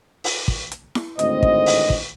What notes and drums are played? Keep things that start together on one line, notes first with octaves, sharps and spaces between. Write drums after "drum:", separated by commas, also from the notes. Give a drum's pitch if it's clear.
drum: open hi-hat
drum: kick
drum: hi-hat
drum: snare E4
G#1 D2 A2 C4 C5 D#5, drum: hi-hat
drum: kick
drum: open hi-hat
drum: kick